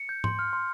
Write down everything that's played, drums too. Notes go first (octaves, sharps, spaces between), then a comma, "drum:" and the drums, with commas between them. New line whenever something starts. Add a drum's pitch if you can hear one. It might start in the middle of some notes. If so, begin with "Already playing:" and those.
Already playing: C#7
G6
C6, drum: tom G#2
F6
C6